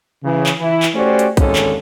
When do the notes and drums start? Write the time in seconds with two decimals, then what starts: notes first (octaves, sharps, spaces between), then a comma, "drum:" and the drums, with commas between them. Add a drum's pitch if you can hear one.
0.24 C#3 E3
0.46 drum: clap
0.60 E3 E4
0.83 drum: clap
0.95 A3 C#4 F#4 G4 C5 D5
1.19 drum: hi-hat
1.37 G#1 D#2 D3 G#3 C#4 A4, drum: kick, hi-hat
1.55 drum: clap